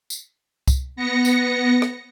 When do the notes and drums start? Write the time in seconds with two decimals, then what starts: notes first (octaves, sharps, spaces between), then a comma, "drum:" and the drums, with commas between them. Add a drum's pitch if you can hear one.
0.10 drum: tambourine
0.68 drum: kick C2, tambourine
0.96 B3 A#6 C#7
1.25 drum: tambourine
1.82 drum: rim click